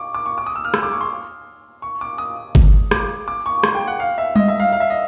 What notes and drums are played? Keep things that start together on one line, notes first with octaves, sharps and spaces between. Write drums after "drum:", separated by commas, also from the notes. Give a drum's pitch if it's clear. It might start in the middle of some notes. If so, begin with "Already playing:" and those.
Already playing: C#6 D6
D6
C#6
D6
D#6
E6
F6
E6, drum: rim click
D6
C#6
C6
C#6
D6
D#6
drum: kick G1
D6, drum: rim click
D6
C#6
C6, drum: rim click
G5
F#5
F5
E5
D#5, drum: tom G3
E5
F5
F5
E5
D#5